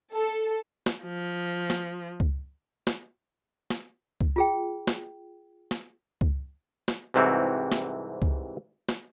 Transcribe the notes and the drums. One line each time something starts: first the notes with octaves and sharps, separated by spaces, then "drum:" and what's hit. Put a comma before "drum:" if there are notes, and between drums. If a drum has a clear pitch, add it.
A4
drum: snare
F3
drum: snare
drum: kick C#2
drum: snare
drum: snare
drum: kick C#2
F4 G#4 G5
drum: snare
drum: snare
drum: kick C#2
drum: snare
C2 G#2 C3 E3 C4 F#4
drum: snare
drum: kick C#2
drum: snare